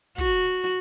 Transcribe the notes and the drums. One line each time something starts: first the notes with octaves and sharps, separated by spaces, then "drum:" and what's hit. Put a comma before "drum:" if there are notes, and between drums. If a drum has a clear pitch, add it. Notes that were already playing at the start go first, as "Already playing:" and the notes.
F#4, drum: kick